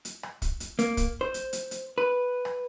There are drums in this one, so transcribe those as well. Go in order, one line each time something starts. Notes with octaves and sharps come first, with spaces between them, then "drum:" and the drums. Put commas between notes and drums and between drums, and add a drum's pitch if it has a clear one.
drum: hi-hat
drum: rim click
drum: kick, hi-hat
drum: hi-hat
A#3, drum: hi-hat
drum: kick, hi-hat
C5
drum: hi-hat
drum: hi-hat
drum: hi-hat
B4
drum: rim click